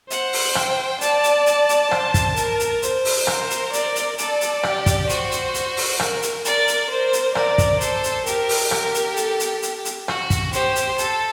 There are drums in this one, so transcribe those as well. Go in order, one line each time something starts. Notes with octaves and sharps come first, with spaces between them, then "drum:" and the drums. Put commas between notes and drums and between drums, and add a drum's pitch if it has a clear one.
C5 F#5, drum: hi-hat
drum: open hi-hat
G5, drum: rim click
D5 A5, drum: hi-hat
drum: hi-hat
A5, drum: hi-hat
drum: hi-hat
C5, drum: rim click
drum: kick, hi-hat
A#4, drum: hi-hat
drum: hi-hat
C5, drum: hi-hat
drum: open hi-hat
A#4 C5, drum: rim click
drum: hi-hat
D5, drum: hi-hat
drum: hi-hat
A4 D5, drum: hi-hat
drum: hi-hat
G4, drum: rim click
drum: kick, hi-hat
F#4 C5, drum: hi-hat
drum: hi-hat
drum: hi-hat
drum: open hi-hat
A#4, drum: rim click
drum: hi-hat
A#4 D5, drum: hi-hat
drum: hi-hat
A#4 C5
drum: hi-hat
A#4 D5, drum: rim click
drum: kick, hi-hat
A4 C5, drum: hi-hat
drum: hi-hat
G4 A#4, drum: hi-hat
drum: open hi-hat
G4 A#4, drum: rim click
drum: hi-hat
A4, drum: hi-hat
drum: hi-hat
drum: hi-hat
drum: hi-hat
F#4, drum: rim click
drum: kick, hi-hat
G4 C5, drum: hi-hat
drum: hi-hat
A4, drum: hi-hat